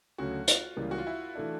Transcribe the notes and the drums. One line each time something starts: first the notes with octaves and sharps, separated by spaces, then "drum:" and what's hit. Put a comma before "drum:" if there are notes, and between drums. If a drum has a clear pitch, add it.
D2 C#3 F#3 A3 C#4 F#4
F4, drum: hi-hat
C#2 C#3 E3 G3 A#3
F#4
F4
E4
E3 A3 D4